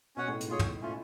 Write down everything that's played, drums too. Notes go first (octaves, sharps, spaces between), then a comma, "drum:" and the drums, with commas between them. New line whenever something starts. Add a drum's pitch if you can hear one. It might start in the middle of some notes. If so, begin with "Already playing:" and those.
B2 C#4 F#4 C#5 F#5
A2
G#2, drum: hi-hat
A2 F4 G#4 C#5
drum: tom
A3 C#4 F4